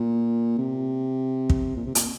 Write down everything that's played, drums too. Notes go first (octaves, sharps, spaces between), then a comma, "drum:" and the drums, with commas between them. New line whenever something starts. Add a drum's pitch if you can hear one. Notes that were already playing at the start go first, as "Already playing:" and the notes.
Already playing: A#2
C3
drum: kick
A#2
C3
A#2, drum: hi-hat